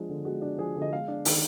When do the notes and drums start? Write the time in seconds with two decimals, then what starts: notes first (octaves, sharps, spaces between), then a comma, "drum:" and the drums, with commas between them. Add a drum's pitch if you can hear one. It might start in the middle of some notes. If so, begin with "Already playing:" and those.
Already playing: F3 G#3 D4
0.09 D3
0.25 G#3 F#4
0.42 D4
0.58 F3 G#4
0.76 D3
0.82 D#5
0.92 G#3 F5
1.08 D4
1.25 D#3, drum: open hi-hat